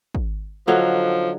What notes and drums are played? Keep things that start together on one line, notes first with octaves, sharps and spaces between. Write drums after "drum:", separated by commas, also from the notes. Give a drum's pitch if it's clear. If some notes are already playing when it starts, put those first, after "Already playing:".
drum: kick
D3 F3 F#3 D#4